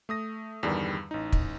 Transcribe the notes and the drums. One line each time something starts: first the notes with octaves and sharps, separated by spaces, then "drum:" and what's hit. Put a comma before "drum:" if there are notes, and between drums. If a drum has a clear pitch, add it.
A3 D#6 A#6
E2 G2 D3 D#3 G3
A1 D#4
drum: kick